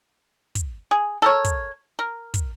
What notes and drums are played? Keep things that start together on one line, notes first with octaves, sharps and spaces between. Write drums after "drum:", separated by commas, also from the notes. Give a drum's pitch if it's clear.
drum: kick, hi-hat
G#4
A4 A#4 C#5
drum: kick, hi-hat
A#4
drum: kick, hi-hat